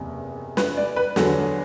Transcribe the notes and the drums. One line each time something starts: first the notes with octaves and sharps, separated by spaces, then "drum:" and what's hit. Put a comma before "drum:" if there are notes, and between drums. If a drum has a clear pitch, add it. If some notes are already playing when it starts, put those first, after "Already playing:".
Already playing: F#1 E2 C3
B4, drum: snare
D5
B4
E2 D3 F#3 A4, drum: snare